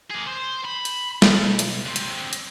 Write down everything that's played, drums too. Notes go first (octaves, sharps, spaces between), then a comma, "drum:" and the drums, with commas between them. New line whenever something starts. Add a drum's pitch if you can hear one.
A#3 G#4
C5
B5
drum: hi-hat
B1, drum: snare
drum: hi-hat
D3 C4
drum: hi-hat
drum: hi-hat